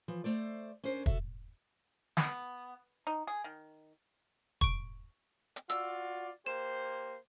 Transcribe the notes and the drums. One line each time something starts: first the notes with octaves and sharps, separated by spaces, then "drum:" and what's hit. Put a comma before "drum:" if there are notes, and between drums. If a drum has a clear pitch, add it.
E3 F3
A3 C5 D5
C#4 D4 A#4 C5
F#4 A4 E5, drum: kick
B3, drum: snare
D#4
G#4
D#3
C#6 D7, drum: kick
drum: hi-hat
F4 F#4 D5 E6, drum: hi-hat
A#3 G4 C5 E7